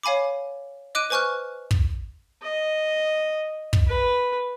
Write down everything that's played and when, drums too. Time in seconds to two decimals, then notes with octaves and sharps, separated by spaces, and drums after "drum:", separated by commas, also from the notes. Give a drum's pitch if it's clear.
0.03 C#5 F5 G#5 B5 D6
0.95 D#5 D6 F#6 D7 D#7
1.10 B4 C5 G#5 C#6 F6 F#6
1.71 drum: kick
2.43 D#5
3.73 drum: kick
3.88 B4